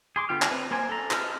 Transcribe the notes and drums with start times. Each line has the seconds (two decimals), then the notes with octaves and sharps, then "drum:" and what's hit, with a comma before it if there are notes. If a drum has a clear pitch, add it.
0.16 G#4 C6 D6
0.29 D3 B3 F4 G5 F6
0.42 drum: clap
0.51 C4 B4
0.71 A#3 A#4 C5 G#5
0.89 A4 A#5
1.11 F4 B4 D#5 A5 F6, drum: clap